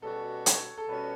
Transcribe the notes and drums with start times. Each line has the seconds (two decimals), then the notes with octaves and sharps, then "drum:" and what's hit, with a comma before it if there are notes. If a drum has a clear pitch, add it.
0.02 B2 G3 C#4 F#4 A4
0.46 C#5, drum: hi-hat
0.78 A4
0.89 B2 G3 C#4 F#4 B4